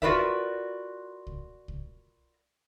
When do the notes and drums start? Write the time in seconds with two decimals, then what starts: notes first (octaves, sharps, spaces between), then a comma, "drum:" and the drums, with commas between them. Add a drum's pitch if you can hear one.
0.02 F4 F#4 A#4 B4 D5 E5, drum: kick C2
1.27 drum: kick C2
1.68 drum: kick C2